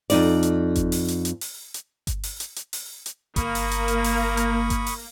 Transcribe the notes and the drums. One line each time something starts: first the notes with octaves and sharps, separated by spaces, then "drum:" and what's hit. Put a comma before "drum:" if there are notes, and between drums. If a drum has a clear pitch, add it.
F2 D#4 D5, drum: open hi-hat
drum: hi-hat
drum: kick G1, hi-hat
drum: open hi-hat
drum: hi-hat
drum: hi-hat
drum: open hi-hat
drum: hi-hat
drum: kick G1, hi-hat
drum: open hi-hat
drum: hi-hat
drum: hi-hat
drum: open hi-hat
drum: hi-hat
G1 A#3 B5 C#6 D#6, drum: kick G1, hi-hat
drum: open hi-hat
drum: hi-hat
drum: hi-hat
drum: open hi-hat
drum: hi-hat
drum: kick G1, hi-hat
drum: open hi-hat